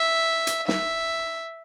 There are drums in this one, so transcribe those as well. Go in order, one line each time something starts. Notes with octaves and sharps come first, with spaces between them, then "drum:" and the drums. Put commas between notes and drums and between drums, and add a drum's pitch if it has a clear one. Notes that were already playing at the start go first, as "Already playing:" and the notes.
Already playing: E5
drum: hi-hat
E5, drum: snare